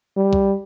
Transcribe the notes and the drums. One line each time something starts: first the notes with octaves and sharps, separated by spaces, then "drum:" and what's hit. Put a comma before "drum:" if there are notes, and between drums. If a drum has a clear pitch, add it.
G3
drum: kick B1